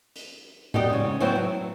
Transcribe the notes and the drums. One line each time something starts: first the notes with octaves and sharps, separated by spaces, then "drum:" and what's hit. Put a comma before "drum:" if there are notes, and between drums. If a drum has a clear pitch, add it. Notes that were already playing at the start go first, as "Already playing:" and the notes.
drum: hi-hat
D#4 F#4 G4 D5 D#5, drum: tom A2
G#2 C#3
A2 F#3 B3 C4 E5
F#3